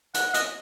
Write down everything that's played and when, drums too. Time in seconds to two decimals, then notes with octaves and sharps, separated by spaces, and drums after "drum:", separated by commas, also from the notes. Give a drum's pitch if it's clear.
0.14 F#5, drum: hi-hat
0.25 F#5
0.34 D#5, drum: hi-hat